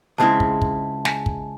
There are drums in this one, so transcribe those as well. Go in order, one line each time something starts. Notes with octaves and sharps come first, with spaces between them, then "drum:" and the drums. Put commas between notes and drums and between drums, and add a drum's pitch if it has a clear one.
C#2 C#3 G#3 C4 E4 A5
drum: kick
drum: kick
G#5, drum: snare
drum: kick